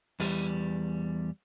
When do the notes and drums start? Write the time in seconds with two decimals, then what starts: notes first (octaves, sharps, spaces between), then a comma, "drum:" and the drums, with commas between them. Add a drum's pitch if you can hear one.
0.20 E2 G3, drum: open hi-hat